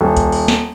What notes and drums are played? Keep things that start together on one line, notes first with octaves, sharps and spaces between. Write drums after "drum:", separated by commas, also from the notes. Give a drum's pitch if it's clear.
D#1
drum: kick B1, hi-hat
drum: open hi-hat
drum: snare